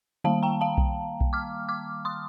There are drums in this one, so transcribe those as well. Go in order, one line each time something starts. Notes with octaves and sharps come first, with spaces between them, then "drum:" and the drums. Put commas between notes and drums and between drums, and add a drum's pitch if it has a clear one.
D#3 G3 A#3 F5 A5
G5 A#5
F5 A5
drum: kick B1
drum: kick B1
D6 F6
D6 F6
C6 D#6